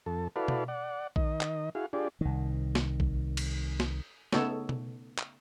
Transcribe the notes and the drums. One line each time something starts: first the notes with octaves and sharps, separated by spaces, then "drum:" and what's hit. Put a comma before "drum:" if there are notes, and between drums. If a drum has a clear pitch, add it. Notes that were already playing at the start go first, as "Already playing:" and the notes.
F2 A4
E4 F#4 A4 B4 D5 F5
drum: tom B2
D5 F#5
D#3 D#5, drum: kick A#1
drum: clap
E4 F#4 G#4 F5
D4 F4 G4 G#4 D5
C2 D#3
drum: snare
drum: kick A#1
drum: cymbal
drum: snare
C#3 A3 B3 D#4 A4 C#5, drum: snare
drum: tom B2
drum: clap